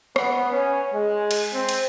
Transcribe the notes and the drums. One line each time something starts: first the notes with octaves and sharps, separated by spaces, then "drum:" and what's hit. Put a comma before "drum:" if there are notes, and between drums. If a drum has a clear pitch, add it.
B3, drum: rim click
C#4
G#3
drum: cymbal
C4
drum: cymbal